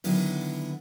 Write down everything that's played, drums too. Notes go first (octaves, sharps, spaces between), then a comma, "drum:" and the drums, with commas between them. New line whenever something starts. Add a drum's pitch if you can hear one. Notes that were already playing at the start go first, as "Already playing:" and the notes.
D3 D#3 F#3 B3 E4, drum: open hi-hat